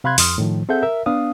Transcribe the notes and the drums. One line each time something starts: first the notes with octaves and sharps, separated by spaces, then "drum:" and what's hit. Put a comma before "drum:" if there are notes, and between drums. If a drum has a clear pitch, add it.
C3 F5 B5 C6 F#6 G#6
F2 C6 D#6 F6, drum: open hi-hat
A2 D#3 F3
C4 G#4 A4 E5 F#5 G6
A#4 E5
B3 D4 F5 D#6